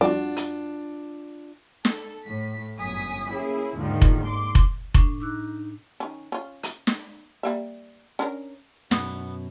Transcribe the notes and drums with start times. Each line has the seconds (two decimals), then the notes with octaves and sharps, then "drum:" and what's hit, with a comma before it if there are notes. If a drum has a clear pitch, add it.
0.01 F2 F3 G3 D4 F4 F#4 D5
0.36 drum: hi-hat
1.85 A4, drum: snare
2.26 A2 B6
2.79 G1 F#2 G#5 D#6 B6
3.32 A#3 C#4 E4 G#4
3.76 D#2 G#2 D3 D#3 F3
4.02 drum: kick F1
4.25 C6 D6
4.55 drum: kick F1
4.94 A2 D4 C#6, drum: kick F1
5.20 D#4 D6 E6 F#6
6.00 D#3 C#4
6.32 C#4 F4
6.63 drum: hi-hat
6.87 drum: snare
7.43 G3 A#3 E5
8.19 C#4 D4 A#4
8.91 F#2 B2 B3, drum: snare